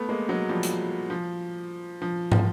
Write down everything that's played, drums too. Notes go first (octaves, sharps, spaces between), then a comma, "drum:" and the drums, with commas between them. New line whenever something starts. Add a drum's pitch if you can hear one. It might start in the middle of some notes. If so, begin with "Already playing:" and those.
Already playing: A3 B3
G#3 A#3
F#3 G#3
F3 G3
drum: hi-hat
F3
F3
F3, drum: tom